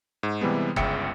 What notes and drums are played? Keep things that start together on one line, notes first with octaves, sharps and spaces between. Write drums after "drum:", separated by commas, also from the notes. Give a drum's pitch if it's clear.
G#2
C3 E3 G3 G#3 B3
G1 C#2 C#3 E5 G5 C#7, drum: kick F#1